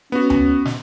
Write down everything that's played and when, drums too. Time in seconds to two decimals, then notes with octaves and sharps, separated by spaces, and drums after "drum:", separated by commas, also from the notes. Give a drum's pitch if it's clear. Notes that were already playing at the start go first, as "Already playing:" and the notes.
0.12 B3 C#4 F#4
0.30 drum: tom D2
0.65 drum: snare